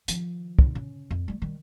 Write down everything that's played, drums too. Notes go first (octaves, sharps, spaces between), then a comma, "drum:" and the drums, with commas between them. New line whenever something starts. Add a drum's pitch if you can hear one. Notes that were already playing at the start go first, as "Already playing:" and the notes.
D#3 F3, drum: hi-hat
drum: kick
C#3
F2
G3 A3
D#3 G3